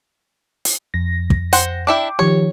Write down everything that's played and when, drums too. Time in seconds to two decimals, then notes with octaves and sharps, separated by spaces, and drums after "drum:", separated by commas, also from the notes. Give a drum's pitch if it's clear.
0.65 drum: hi-hat
0.94 F2 A#6
1.30 drum: kick
1.53 C5 F#5 G5, drum: hi-hat
1.87 D4 E4 E5 G5 D6
2.19 D#3 F3 G4 C#5